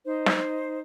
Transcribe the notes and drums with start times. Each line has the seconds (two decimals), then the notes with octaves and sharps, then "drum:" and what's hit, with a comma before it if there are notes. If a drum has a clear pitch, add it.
0.03 D#4 C5
0.26 drum: snare